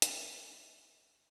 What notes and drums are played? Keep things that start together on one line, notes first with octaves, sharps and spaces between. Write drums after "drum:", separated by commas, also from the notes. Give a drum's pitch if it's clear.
C#5 E5, drum: hi-hat